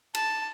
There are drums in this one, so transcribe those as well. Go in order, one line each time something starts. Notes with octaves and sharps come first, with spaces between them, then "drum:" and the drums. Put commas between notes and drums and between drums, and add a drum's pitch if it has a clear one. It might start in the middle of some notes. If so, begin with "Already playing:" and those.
A5, drum: cymbal